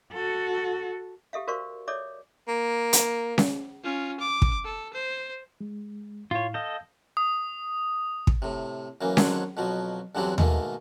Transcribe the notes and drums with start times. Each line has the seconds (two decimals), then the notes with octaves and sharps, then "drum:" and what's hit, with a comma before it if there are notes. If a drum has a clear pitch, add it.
0.13 F#4 A4
1.33 G4 A4 E5 F5
1.47 F#4 A#4 C5 D5 F5 C#6
1.88 A4 C#5 D5 E5 D6
2.48 A#3
2.93 drum: hi-hat
3.38 drum: snare C#4
3.83 C#4 F4
4.20 D6
4.42 drum: kick
4.64 A4
4.94 C5
5.61 G#3
6.31 A2 E4 F4 C#5 F5
6.54 A4 D#5 F5 G6
7.17 D#6
8.27 drum: kick
8.42 A2 C3
9.01 F#2 E3 A#3
9.17 D3 D#3 F#3 C4 C#5, drum: snare C#4
9.57 F2 B2 F3 F#3
10.15 E2 G2 D3 F#3 G3 C4
10.38 G#2 B2 D#3 A3 A#3, drum: tom D#2